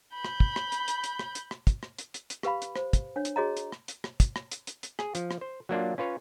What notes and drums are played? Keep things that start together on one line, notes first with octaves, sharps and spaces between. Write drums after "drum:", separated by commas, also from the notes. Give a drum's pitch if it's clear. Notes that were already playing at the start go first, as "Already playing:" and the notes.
B5 G6
drum: rim click
drum: kick
drum: rim click
drum: hi-hat
drum: hi-hat
drum: hi-hat
drum: rim click
drum: hi-hat
drum: rim click
drum: kick, hi-hat
drum: rim click
drum: hi-hat
drum: hi-hat
drum: hi-hat
G4 B4 F5 B5, drum: rim click
drum: hi-hat
C5, drum: rim click
drum: kick, hi-hat
D4 C#5
drum: hi-hat
F#4 G#4 C#5 D#5 A#5
drum: hi-hat
drum: rim click
drum: hi-hat
drum: rim click
drum: kick, hi-hat
drum: rim click
drum: hi-hat
drum: hi-hat
drum: hi-hat
G#4, drum: rim click
F3, drum: hi-hat
drum: rim click
C5
F#3 A#3 D4 F4
C#4 F4 B4 C#5